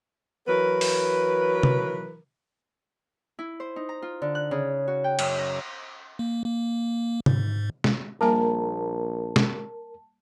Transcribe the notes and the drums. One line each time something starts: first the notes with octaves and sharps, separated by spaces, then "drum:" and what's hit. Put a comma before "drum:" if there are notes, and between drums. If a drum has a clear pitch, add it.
E3 F#3 A#4 B4
drum: open hi-hat
drum: tom
E4
C5
D#4
A#5
F4
D3
F#6
C#3
F#4
G5
F#2, drum: cymbal
A#5
A#3
A#3
G#2, drum: tom
drum: snare
A#1 G3 A#3 A#4 G#5 A5
drum: snare